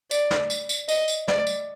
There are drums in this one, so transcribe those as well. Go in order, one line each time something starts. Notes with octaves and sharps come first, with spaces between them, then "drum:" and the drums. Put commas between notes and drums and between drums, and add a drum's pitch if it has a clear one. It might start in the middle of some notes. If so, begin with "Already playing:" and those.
D5, drum: tambourine
drum: snare
drum: tambourine
drum: tambourine
D#5, drum: tambourine
drum: tambourine
D5, drum: snare
drum: tambourine